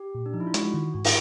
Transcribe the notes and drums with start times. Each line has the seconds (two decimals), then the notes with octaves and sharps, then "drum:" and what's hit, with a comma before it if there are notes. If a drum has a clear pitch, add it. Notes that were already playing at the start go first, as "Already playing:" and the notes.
Already playing: G4
0.15 A#2
0.26 D4
0.33 F3 D#4
0.40 E4
0.47 F4
0.54 G#3 F#4, drum: hi-hat
0.74 D#3
0.94 G#2 F#4
1.05 E4, drum: open hi-hat